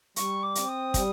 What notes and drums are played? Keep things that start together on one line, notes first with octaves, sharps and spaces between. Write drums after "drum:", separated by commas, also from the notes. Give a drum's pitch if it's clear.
G3 C#6, drum: hi-hat
D6
C4, drum: hi-hat
D#6
G3, drum: kick, hi-hat